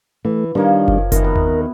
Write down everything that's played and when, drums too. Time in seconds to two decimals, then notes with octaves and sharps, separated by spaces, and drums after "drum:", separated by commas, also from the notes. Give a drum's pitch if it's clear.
0.25 E3 A3
0.55 D#3 F3 G3 A#3 D4 C#5
0.88 drum: kick F#1
1.12 C3 D#3 E3 B3 A#4, drum: kick F#1, hi-hat
1.25 B2 A#4
1.36 drum: tom D#2